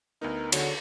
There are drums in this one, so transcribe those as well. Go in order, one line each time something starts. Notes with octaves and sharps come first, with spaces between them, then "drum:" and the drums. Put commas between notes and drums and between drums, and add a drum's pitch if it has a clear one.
D2 B3 D#4 A#4
D3 F#3, drum: cymbal